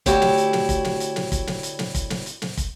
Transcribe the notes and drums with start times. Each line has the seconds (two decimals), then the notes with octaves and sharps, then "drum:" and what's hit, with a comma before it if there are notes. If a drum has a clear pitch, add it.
0.06 D2 E4 F#4 G4 C#5, drum: kick, hi-hat
0.22 drum: snare
0.37 drum: hi-hat
0.53 drum: snare
0.69 drum: kick, hi-hat
0.84 drum: snare
1.00 drum: hi-hat
1.16 drum: snare
1.32 drum: kick, hi-hat
1.47 drum: snare
1.63 drum: hi-hat
1.79 drum: snare
1.95 drum: kick, hi-hat
2.10 drum: snare
2.26 drum: hi-hat
2.42 drum: snare
2.57 drum: kick, hi-hat